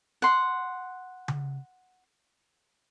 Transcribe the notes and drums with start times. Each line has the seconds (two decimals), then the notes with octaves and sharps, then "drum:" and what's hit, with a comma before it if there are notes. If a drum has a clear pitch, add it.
0.22 F#5 C6
1.28 drum: tom C#3